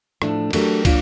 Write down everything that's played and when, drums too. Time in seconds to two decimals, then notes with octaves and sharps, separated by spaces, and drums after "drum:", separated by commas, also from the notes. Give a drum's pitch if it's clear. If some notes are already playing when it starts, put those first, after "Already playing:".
0.22 A2 F3 A3 D4, drum: rim click
0.53 F#3 A3 D4 G4 A#4, drum: cymbal
0.85 F#3 A#3 D4 F4, drum: kick, cymbal